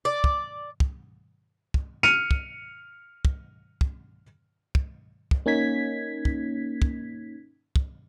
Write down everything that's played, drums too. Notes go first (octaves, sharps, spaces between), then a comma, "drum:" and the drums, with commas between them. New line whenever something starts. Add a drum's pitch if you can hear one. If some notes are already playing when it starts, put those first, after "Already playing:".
D5
drum: kick
drum: kick
drum: kick
F6 C#7 D#7 F7
drum: kick
drum: kick
drum: kick
drum: kick
drum: kick
A#3 C#4 D#4 G#6 B6
drum: kick
drum: kick
drum: kick